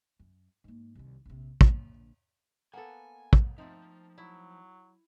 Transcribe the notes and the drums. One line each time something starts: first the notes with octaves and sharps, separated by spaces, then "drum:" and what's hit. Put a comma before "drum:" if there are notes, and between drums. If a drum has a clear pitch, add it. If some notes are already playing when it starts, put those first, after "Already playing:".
F#2
G#2 A#3
C2 D#3
A#1 C3
A#1 D3, drum: kick
A#3 B3 A4 F#5 G#5
drum: kick
F3 A3 C4 D#4
F#3 E4